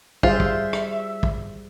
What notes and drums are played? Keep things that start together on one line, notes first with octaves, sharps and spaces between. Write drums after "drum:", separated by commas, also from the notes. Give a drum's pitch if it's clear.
G3 F4 G#4 C5 E5, drum: kick
drum: kick
drum: rim click
drum: kick